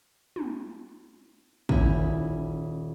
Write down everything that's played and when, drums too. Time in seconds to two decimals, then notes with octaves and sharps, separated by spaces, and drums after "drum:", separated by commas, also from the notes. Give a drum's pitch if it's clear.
0.36 drum: tom
1.69 D#1 C#4 E4, drum: kick